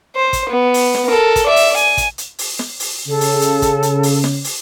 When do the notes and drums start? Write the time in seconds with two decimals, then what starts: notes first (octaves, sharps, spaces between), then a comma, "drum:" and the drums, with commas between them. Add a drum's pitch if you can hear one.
0.16 C5
0.33 drum: kick, hi-hat
0.49 B3
0.74 drum: open hi-hat
0.95 drum: snare
1.07 A4 A#4
1.36 drum: kick, hi-hat
1.46 D5 E5
1.56 drum: open hi-hat
1.77 G#5, drum: hi-hat
1.97 drum: kick, hi-hat
2.18 drum: hi-hat
2.39 drum: open hi-hat
2.59 drum: snare
2.80 drum: open hi-hat
3.08 C#3 A4
3.21 drum: open hi-hat
3.41 drum: hi-hat
3.62 drum: kick, hi-hat
3.83 drum: hi-hat
4.03 drum: open hi-hat
4.24 drum: snare
4.44 drum: open hi-hat